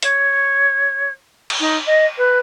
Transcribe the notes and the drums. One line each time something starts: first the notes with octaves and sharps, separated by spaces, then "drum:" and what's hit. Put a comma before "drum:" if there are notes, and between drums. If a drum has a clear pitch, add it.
C#5, drum: hi-hat
drum: cymbal
D#4
D#5
B4